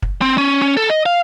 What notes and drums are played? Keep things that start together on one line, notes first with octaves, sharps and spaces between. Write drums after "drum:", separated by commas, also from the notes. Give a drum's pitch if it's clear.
drum: kick
C4
C#4
C#4
A4
D#5
F5